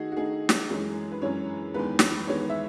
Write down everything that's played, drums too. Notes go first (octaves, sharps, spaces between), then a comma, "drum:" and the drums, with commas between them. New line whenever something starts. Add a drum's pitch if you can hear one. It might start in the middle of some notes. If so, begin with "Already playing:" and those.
Already playing: D#3 A3 D#4 F#4 G#4
F#4
D#3 A3 D#4 G#4
drum: snare
F#2 E3 G#3 C#4
B4
F#2 E3 G#3 C#4 C#5
E2 D#3 G#3 B3 B4
drum: snare
E2 D#3 G#3 B3 C#5
E5